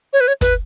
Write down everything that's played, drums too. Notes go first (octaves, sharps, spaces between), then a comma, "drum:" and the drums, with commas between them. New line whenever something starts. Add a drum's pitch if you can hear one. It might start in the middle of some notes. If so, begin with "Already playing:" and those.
C#5
B4
C#5
B4, drum: kick, hi-hat